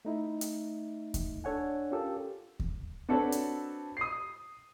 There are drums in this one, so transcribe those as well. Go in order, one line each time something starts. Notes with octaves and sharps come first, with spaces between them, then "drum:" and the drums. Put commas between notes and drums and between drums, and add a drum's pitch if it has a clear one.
A3 D#4 E4
drum: hi-hat
drum: kick D#2, hi-hat
D4 A4 C#5 F#5 G#5
C#4 F4 G4 A4 A#4
drum: kick D#2
C4 D4 F#4 A4 B4 C#5
drum: hi-hat
D#6 C7